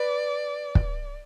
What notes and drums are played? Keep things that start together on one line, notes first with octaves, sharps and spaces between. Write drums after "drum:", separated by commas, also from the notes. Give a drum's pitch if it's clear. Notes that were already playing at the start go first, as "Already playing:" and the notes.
Already playing: B4 D5
drum: kick